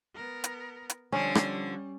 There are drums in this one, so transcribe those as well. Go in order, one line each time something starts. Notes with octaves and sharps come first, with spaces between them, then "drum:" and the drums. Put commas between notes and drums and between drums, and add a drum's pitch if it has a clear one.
B3 A#4
drum: hi-hat
drum: hi-hat
D3 F3 G3 C#4
drum: rim click